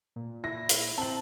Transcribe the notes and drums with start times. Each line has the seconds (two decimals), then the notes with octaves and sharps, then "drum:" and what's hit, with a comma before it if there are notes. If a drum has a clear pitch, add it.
0.16 A#2
0.44 E4 A#6
0.69 drum: hi-hat
0.98 C4 A5 F#7